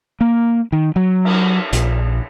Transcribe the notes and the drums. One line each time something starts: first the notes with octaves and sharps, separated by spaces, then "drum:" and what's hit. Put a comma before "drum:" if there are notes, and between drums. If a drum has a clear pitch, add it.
A#3
D#3
F#3
drum: cymbal
A#1, drum: hi-hat